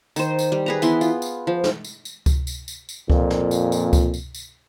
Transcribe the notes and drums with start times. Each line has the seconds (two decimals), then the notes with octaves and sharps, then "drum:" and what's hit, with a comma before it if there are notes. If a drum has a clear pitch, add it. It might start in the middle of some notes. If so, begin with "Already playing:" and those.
0.16 D#3 C5, drum: tambourine
0.39 drum: tambourine
0.52 G3
0.66 G#4 B4 A#5
0.82 E3 B3 E4 C6, drum: tambourine
1.01 F4, drum: tambourine
1.22 drum: tambourine
1.47 F3
1.64 drum: snare
1.84 drum: tambourine
2.05 drum: tambourine
2.26 drum: kick C#2, tambourine
2.47 drum: tambourine
2.68 drum: tambourine
2.89 drum: tambourine
3.10 F2 A#2, drum: kick C#2
3.30 drum: snare
3.51 drum: tambourine
3.72 drum: tambourine
3.93 drum: kick C#2, tambourine
4.14 drum: tambourine
4.35 drum: tambourine